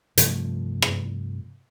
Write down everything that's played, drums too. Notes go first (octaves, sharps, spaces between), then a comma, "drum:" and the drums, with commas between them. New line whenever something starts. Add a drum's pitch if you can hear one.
G2 C3 F3 A3, drum: hi-hat
drum: rim click